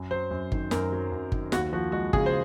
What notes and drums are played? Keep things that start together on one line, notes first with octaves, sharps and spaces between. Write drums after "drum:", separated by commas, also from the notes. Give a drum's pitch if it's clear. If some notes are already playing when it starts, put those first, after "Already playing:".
Already playing: F#2
F#3 C5
F#2
D#3, drum: kick G1
F#2 A#4, drum: snare
F#3
F#2
D#3, drum: kick G1
D#2 F#4, drum: snare
F3 F#4
G#3 F#4
C#3 G#4, drum: kick G1
C5